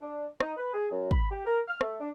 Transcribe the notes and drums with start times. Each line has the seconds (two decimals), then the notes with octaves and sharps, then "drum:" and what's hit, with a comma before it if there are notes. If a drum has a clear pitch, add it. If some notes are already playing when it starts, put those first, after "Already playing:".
0.02 D4
0.40 D#4, drum: rim click
0.57 B4
0.74 G#4
0.91 F#2
1.11 B5, drum: kick
1.31 G4
1.45 A#4
1.68 F6
1.81 A3, drum: rim click
2.01 D4